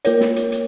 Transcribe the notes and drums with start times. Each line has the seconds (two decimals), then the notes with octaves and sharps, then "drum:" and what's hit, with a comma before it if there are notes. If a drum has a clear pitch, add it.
0.05 A#3 F4 A#4 C#5, drum: hi-hat
0.21 drum: snare
0.36 drum: hi-hat
0.52 drum: hi-hat